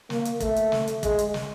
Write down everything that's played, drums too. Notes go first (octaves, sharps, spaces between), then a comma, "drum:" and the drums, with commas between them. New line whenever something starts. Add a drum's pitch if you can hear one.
A#3, drum: snare
drum: hi-hat
A3, drum: kick, hi-hat
drum: hi-hat
drum: snare
drum: hi-hat
G#3, drum: kick, hi-hat
drum: hi-hat
drum: snare